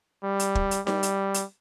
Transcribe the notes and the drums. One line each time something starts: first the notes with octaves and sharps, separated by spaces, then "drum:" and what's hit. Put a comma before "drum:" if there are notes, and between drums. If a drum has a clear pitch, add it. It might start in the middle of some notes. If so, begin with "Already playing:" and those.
G3
drum: hi-hat
drum: kick
drum: hi-hat
G3, drum: snare D#4
drum: hi-hat
drum: hi-hat